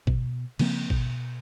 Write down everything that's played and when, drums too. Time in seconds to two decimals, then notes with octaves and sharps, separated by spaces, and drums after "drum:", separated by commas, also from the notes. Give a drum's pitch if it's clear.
0.07 B2, drum: kick G#1
0.59 C#3 F3 A#3 C4, drum: cymbal
0.90 B2, drum: kick G#1